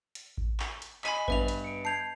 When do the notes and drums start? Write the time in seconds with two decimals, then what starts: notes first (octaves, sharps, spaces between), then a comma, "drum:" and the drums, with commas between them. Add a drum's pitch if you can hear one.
0.15 drum: hi-hat
0.38 drum: kick A1
0.60 drum: clap
0.82 drum: hi-hat
1.04 D#5 G#5 B5 B6, drum: clap
1.28 G2 B3 B4 E5 F7, drum: kick A1
1.48 drum: hi-hat
1.64 C#7 D7
1.85 A5 G6 G#6 C7 F7